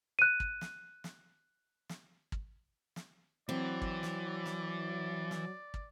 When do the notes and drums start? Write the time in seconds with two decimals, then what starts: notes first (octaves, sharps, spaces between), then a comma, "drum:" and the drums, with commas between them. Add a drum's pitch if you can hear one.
0.19 F#6 D#7
0.40 drum: kick
0.61 drum: snare
1.04 drum: snare
1.89 drum: snare
2.32 drum: kick
2.96 drum: snare
3.49 E3 F#3 C4 D5
3.82 drum: kick
4.03 drum: snare
4.46 drum: snare
5.31 drum: snare
5.74 drum: kick